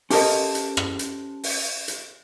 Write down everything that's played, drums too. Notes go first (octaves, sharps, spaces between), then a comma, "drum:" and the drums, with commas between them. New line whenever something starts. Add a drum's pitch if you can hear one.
C#4 G4 A4 A#4 C5 D#5, drum: open hi-hat
drum: hi-hat
drum: rim click
drum: hi-hat
drum: open hi-hat
drum: hi-hat